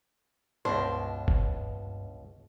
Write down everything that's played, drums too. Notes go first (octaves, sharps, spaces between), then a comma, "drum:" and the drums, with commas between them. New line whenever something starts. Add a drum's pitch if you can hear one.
C#2 G2 B2 D4 C5
drum: kick